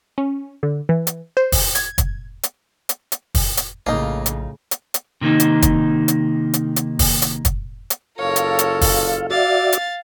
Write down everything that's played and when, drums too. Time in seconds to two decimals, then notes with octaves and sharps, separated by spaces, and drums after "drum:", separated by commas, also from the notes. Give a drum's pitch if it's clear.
0.18 C#4
0.63 D3
0.89 E3
1.07 drum: hi-hat
1.37 C5
1.52 drum: kick, open hi-hat
1.75 G#6, drum: hi-hat
1.98 drum: kick, hi-hat
2.43 drum: hi-hat
2.89 drum: hi-hat
3.12 drum: hi-hat
3.35 drum: kick, open hi-hat
3.57 drum: hi-hat
3.87 A#1 A2 C#3 A#3 D#4 F4
4.26 drum: hi-hat
4.71 drum: hi-hat
4.94 drum: hi-hat
5.21 C3 D#3 A#3 D#4
5.40 drum: hi-hat
5.62 drum: kick, hi-hat
6.08 drum: hi-hat
6.54 drum: hi-hat
6.76 drum: hi-hat
6.99 drum: kick, open hi-hat
7.22 drum: hi-hat
7.45 drum: kick, hi-hat
7.90 drum: hi-hat
8.19 F#1 F4 A4 A#4 C#5 F5
8.36 drum: hi-hat
8.59 drum: hi-hat
8.81 drum: kick, open hi-hat
9.30 F#4 D5 E5 F5 A6
9.73 drum: hi-hat